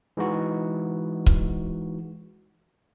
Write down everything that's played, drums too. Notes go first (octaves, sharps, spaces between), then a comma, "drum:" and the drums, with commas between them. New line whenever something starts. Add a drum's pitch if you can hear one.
E3 G#3 D#4 F#4
drum: kick C#1